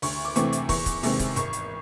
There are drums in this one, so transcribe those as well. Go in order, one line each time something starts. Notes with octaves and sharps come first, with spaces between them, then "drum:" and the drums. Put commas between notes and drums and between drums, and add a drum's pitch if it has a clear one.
D2 C#6, drum: open hi-hat
D6
C3 E3 A3 C4 C#6, drum: hi-hat
drum: hi-hat
E2 C#6, drum: kick, open hi-hat
drum: kick, hi-hat
C3 D#3 G#3 C4, drum: open hi-hat
drum: kick, hi-hat
G#1 C#6, drum: hi-hat
drum: hi-hat